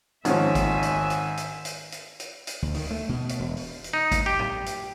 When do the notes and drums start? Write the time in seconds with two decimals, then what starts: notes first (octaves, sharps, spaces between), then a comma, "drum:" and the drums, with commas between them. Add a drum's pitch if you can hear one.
0.25 G#1 G#2 D#3 F3 C#4 E5 G#5, drum: hi-hat
0.55 drum: kick G#1, hi-hat
0.83 drum: hi-hat
1.10 drum: hi-hat
1.37 drum: hi-hat
1.65 drum: hi-hat
1.92 drum: hi-hat
2.20 drum: hi-hat
2.47 drum: hi-hat
2.62 D2
2.74 D#3, drum: open hi-hat
2.91 A3
3.09 B2
3.29 drum: hi-hat
3.39 E1
3.57 drum: open hi-hat
3.84 drum: hi-hat
3.93 D#4
4.12 drum: kick G#1, hi-hat
4.26 G4
4.39 drum: tom A2
4.66 drum: hi-hat